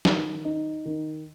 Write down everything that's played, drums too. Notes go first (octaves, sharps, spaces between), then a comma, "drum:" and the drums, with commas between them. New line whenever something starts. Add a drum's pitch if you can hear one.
D#3, drum: snare
D#4
D#3